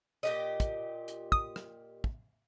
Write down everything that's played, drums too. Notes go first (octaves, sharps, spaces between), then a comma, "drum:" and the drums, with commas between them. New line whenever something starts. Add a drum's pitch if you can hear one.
A#2 G4 D#5
drum: kick, hi-hat
drum: hi-hat
D#6, drum: kick
drum: rim click
drum: kick